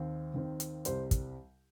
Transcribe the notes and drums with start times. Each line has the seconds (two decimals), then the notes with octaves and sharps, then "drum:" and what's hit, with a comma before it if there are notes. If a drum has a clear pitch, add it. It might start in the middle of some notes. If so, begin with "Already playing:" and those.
Already playing: D#2 D#3 C4
0.34 D#2 D#3 C4
0.60 drum: hi-hat
0.85 C2 C3 G3 C5, drum: hi-hat
1.11 drum: kick, hi-hat